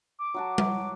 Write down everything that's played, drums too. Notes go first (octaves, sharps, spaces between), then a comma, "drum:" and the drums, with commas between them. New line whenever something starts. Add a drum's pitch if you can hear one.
D6
F#3 F#4 A5
drum: tom G3